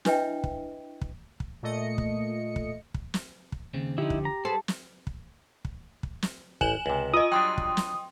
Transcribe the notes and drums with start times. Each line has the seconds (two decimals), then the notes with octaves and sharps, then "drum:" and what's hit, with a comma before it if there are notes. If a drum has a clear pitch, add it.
0.05 D4 E4 B4 D#5 E5 G5, drum: snare
0.44 drum: kick
1.01 drum: kick
1.40 drum: kick
1.63 A#2 A3 D#5 C#7
1.98 drum: kick
2.56 drum: kick
2.94 drum: kick
3.14 drum: snare
3.52 drum: kick
3.74 D#2 C#3 C4
3.98 D3 F3 D#4 E4 G4
4.10 drum: kick
4.25 A#5
4.45 G#4 A4 B4 C5
4.68 drum: snare
5.07 drum: kick
5.65 drum: kick
6.03 drum: kick
6.22 drum: snare
6.61 A1 G#5 E7 F#7, drum: kick
6.86 C#2 C3
7.14 F4 D#5 D#6
7.32 F#3 G3 D4 G5 C6
7.58 drum: kick
7.77 drum: snare